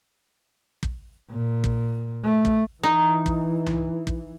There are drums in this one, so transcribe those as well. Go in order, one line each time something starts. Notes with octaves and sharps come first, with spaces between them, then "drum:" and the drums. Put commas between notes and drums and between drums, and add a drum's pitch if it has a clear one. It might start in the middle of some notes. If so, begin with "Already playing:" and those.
drum: kick
A#2
drum: kick
A3
drum: kick
E3 D#4
drum: kick
drum: tom C2
drum: kick